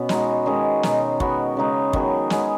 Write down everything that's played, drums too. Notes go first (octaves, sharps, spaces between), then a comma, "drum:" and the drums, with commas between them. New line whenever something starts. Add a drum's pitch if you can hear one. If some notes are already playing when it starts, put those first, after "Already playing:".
Already playing: B2 B3 C#4
G#3 D#4 F#4, drum: snare
D#3 G#3 C#4 G#4
B2 G#3 D#4, drum: snare
B2 B3 F#4, drum: kick
C#3 G#3 D#4
D#3 F#3 B3 G#4, drum: kick
G#3 C#4 G#4, drum: snare